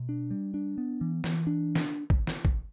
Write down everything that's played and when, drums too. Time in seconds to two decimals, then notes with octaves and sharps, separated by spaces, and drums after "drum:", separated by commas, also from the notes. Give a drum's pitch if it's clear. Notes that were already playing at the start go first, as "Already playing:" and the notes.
Already playing: B2
0.09 D4
0.31 G3
0.54 D4
0.78 B3
1.01 E3
1.24 E3, drum: snare
1.47 D4
1.75 drum: snare
2.10 drum: kick
2.27 drum: snare
2.45 drum: kick